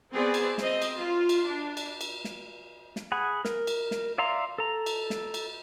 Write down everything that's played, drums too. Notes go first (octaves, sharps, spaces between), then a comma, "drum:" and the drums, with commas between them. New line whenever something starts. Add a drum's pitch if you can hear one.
B3 C4 G#4 D5
drum: cymbal
C4 D#5, drum: snare
drum: cymbal
F4
drum: cymbal
D4
drum: cymbal
drum: cymbal
drum: snare
drum: snare
G#4 F#5 B5
A#4, drum: snare
drum: cymbal
drum: snare
D5 E5 F5 A#5 C6
A4 A#5
drum: cymbal
drum: snare
drum: cymbal